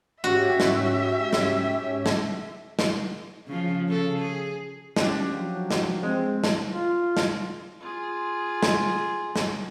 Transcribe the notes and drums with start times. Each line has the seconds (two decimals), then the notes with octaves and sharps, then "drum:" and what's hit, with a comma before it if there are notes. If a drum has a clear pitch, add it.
0.24 G#2 C#4 F#4 G4 E5
0.60 drum: snare
1.33 drum: snare
2.06 drum: snare
2.79 drum: snare
3.47 C#3 F3
3.88 C#3 A4
4.19 G#4
4.96 C#4 D4 G4, drum: snare
5.32 F3 F#3
5.71 drum: snare
6.03 G#3 C4
6.44 drum: snare
6.72 F4
7.17 drum: snare
7.81 F4 G#4
8.63 drum: snare
9.36 drum: snare